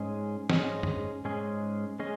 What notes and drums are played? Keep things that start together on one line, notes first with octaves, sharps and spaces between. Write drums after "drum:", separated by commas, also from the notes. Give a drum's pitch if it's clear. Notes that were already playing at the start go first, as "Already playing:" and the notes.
Already playing: G#2 G#3 C#4 G#4 D#5
G#2 G#3 C#4 G#4 D#5, drum: snare
drum: tom F#2
G#2 G#3 C#4 G#4 D#5
G#3 C#4 G#4 D#5